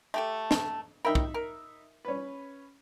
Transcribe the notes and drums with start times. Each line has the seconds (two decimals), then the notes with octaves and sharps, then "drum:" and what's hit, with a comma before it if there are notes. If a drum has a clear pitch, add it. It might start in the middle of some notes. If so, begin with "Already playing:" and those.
0.14 A3 G4 A4
0.51 drum: snare
1.05 D#4 A#4 E5 G5 B5
1.15 drum: kick
1.34 A#4
2.05 C#4 B4